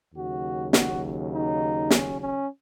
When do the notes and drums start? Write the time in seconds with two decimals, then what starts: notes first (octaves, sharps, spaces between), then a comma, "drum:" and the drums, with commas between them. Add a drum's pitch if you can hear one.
0.15 D#2 C#3 F#3 F#4
0.73 F#4, drum: snare
1.32 D#4
1.90 C#4, drum: snare
2.20 C#4